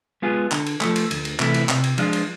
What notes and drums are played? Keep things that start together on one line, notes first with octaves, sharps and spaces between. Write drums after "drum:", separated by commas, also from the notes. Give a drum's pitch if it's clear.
G#3 B3 F4 G#4
D3, drum: clap
drum: cymbal
F3 A3, drum: clap
drum: cymbal
D2, drum: cymbal
drum: cymbal
C3 E3 A3 E4, drum: clap
drum: cymbal
C3, drum: clap
drum: cymbal
F3 G#3 D4 F4, drum: cymbal
drum: cymbal